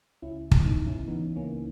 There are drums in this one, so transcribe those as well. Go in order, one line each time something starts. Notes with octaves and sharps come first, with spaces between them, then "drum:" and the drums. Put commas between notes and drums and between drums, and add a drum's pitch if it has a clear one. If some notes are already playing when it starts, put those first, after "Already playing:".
C#2 C#4 E4
C#2, drum: kick
B3 D#4
C#2
C#4 E4
E3 B3 D#4
C#2 A#3 C#4